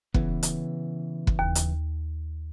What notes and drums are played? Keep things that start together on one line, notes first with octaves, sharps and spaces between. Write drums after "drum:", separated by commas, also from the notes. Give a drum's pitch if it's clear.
C#3 E3 B3, drum: kick
drum: hi-hat
drum: kick
D#2
drum: hi-hat